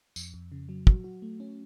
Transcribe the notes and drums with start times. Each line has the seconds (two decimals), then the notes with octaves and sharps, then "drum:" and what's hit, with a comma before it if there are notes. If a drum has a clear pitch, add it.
0.16 F2, drum: tambourine
0.34 F2
0.52 C#3
0.69 F#3
0.87 F#4, drum: kick
1.04 F#4
1.22 A3
1.40 C#4